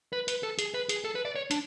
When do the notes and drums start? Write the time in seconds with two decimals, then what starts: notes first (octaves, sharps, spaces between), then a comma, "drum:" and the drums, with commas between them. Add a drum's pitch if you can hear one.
0.13 B4
0.28 B4, drum: hi-hat
0.43 A4
0.59 G#4, drum: hi-hat
0.74 B4
0.89 G#4, drum: hi-hat
1.04 A4
1.15 B4
1.25 D5
1.36 C#5
1.51 D4, drum: hi-hat